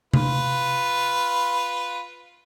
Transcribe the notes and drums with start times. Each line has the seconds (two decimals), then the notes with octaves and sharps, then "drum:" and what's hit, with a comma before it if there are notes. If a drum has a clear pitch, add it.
0.14 F4 B4, drum: tom C3